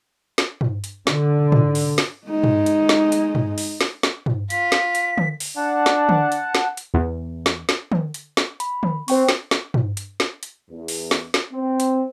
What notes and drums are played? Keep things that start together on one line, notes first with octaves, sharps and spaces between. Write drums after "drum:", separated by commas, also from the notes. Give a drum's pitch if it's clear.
drum: snare
drum: tom
drum: hi-hat
D3, drum: snare
drum: tom
drum: open hi-hat
drum: snare
G#3 D#4
drum: tom
drum: hi-hat
drum: snare
drum: hi-hat
drum: tom
drum: open hi-hat
drum: snare
drum: snare
drum: tom
F4 B6, drum: hi-hat
drum: snare
drum: hi-hat
drum: tom
drum: open hi-hat
D4 F#5 A5
drum: snare
drum: tom
drum: hi-hat
drum: snare
drum: hi-hat
E2
drum: snare
drum: snare
drum: tom
drum: hi-hat
drum: snare
B5, drum: hi-hat
drum: tom
C4 C5 G5 C#6, drum: open hi-hat
drum: snare
drum: snare
drum: tom
drum: hi-hat
drum: snare
drum: hi-hat
E2
drum: open hi-hat
drum: snare
drum: snare
C4
drum: hi-hat